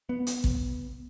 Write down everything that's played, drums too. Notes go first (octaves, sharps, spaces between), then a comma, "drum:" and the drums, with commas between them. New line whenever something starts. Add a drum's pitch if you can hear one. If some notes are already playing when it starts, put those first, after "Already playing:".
B3
drum: hi-hat
drum: kick